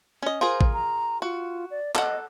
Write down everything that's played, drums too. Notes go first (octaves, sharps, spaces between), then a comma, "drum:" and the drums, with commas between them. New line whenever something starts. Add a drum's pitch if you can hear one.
C#4 D#5
F4 G#4 A#4 C5
drum: kick A1
A#5
F4 F#4
D5
A4 D#5 F#5, drum: clap